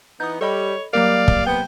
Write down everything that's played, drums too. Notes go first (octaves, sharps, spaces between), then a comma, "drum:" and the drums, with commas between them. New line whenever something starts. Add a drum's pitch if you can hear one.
E3 B3 D#4 D#6 G6
G3 A4 C#5 D#5 B5
F#3 G3 A#3 A#4 D5 F5
drum: kick
C3 B3 G5